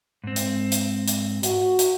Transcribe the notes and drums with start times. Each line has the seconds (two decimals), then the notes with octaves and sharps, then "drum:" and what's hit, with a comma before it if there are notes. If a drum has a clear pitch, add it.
0.24 G#2 C4
0.36 drum: hi-hat
0.72 drum: hi-hat
1.08 drum: hi-hat
1.43 F#4, drum: hi-hat
1.79 drum: hi-hat